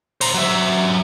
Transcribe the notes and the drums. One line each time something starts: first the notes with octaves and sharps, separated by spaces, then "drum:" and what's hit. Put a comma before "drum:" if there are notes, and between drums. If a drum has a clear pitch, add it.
C5 A#5, drum: cymbal
F#3 E5